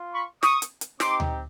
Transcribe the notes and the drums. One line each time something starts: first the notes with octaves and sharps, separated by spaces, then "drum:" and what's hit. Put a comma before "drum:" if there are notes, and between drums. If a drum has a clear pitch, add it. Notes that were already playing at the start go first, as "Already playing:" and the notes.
Already playing: F4
B5 C#6
C#6 D#6, drum: snare
drum: hi-hat
drum: hi-hat
C4 D#4 G4 C6 D6, drum: snare
drum: tom D2